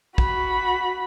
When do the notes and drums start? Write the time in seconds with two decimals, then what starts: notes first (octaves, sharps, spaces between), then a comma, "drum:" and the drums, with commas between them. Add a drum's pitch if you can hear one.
0.18 F#4 B5, drum: kick